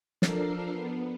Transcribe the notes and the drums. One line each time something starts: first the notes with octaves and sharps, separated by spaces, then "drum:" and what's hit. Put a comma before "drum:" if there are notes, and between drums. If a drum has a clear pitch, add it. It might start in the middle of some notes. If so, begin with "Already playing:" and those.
F3 D4 A4 A#4 C7, drum: snare
B3